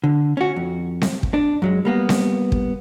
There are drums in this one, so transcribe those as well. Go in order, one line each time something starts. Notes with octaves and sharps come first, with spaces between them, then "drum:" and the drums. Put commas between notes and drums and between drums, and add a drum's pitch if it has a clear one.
D3
C#4 F#4
F2
drum: snare C4
drum: kick
D4
F#2 F#3 G#3
G3 A#3 B3
drum: snare C4
drum: kick